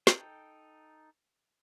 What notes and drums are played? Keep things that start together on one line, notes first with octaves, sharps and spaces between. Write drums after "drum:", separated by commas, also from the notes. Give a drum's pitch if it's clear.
D#4 A4 G5, drum: snare